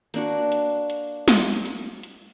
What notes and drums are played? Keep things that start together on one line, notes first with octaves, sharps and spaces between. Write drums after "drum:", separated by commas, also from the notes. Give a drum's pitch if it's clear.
A#3 D4 F#4, drum: hi-hat
drum: hi-hat
drum: hi-hat
drum: snare
drum: hi-hat
drum: hi-hat